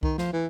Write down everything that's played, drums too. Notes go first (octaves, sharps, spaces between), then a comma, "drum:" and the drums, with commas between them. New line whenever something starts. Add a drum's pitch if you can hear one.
D#3, drum: kick C2
F3, drum: snare
E3